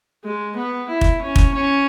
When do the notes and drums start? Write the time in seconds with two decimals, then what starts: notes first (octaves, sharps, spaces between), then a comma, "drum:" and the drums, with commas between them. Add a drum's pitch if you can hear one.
0.25 G#3
0.57 B3
0.89 E4
1.01 drum: kick
1.22 C#4
1.36 drum: kick
1.54 C#4